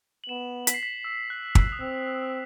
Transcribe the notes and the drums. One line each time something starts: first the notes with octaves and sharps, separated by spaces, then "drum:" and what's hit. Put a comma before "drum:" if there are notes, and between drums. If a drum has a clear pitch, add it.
F#7
B3 E7
B6, drum: hi-hat
C7
B6
E6
F#6
E6, drum: kick
D#6
C4 E6
F#6